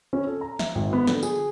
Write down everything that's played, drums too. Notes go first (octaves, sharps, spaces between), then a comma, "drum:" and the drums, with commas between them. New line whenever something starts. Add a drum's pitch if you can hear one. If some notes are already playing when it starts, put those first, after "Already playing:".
C#4
A4
A#5
E5, drum: snare
G#1
B3
D3, drum: snare
G#4, drum: tambourine